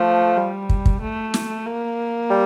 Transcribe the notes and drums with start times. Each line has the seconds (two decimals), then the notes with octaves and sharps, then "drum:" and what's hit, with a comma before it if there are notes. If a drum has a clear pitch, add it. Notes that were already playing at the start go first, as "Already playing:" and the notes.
Already playing: F3 A3
0.37 G3
0.69 drum: kick
0.86 drum: kick
1.01 A3
1.34 drum: snare
1.66 A#3
2.30 G3